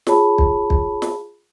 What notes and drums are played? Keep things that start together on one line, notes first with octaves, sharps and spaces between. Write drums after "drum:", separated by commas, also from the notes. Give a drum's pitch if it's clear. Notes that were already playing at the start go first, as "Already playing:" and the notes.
F4 G#4 C#5 A5 B5, drum: snare
drum: kick
drum: kick
drum: snare